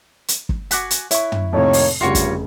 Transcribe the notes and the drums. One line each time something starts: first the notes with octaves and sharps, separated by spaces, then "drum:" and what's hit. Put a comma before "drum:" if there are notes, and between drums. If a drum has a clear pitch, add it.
drum: hi-hat
drum: kick G1
F#4 G#5 D6 F#6 B6, drum: hi-hat
drum: hi-hat
E4 C#5 C#6, drum: hi-hat
drum: tom
F2 A2 C3 D#3 A#3 C#5
drum: open hi-hat
F1 G2 A#2 C#3 G3 F4 F#4 C#5
drum: kick G1, hi-hat